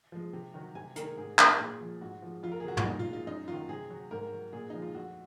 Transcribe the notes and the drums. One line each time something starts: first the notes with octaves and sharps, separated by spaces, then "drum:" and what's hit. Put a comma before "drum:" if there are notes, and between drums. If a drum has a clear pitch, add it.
F3 G#3
C3
D#3 F#3
C3 G#5
D#3 G#3 A#4, drum: hi-hat
G#2 G#4
F#3, drum: clap
A#2 G#4
F3 G#3
G#2 F#4
F3 G#3
F2 F4
A#4
G#4
C3 F#3 F#4
F4, drum: tom
A#2 D#4
F4
G#3
F4
F#2 D#4
D#3 F#3 F4
C3 G#4
F#3
G#2 A#4
F#3
A#2 G#4
F3 G#3 D#4
F4
F2 F#4